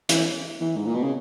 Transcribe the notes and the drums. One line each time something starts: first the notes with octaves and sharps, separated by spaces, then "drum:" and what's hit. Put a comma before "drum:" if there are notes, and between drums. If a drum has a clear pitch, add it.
E3, drum: hi-hat
E3
G#2
A#2
B2
C#3